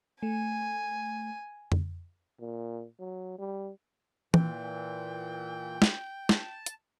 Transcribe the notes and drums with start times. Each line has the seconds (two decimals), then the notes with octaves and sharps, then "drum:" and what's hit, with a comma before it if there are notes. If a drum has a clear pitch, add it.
0.23 A3 G#5
1.72 drum: tom F2
2.40 A#2
2.99 F#3
3.39 G3
4.34 A#2 E3 G5, drum: tom E3
5.82 drum: snare
6.29 A5, drum: snare
6.66 drum: hi-hat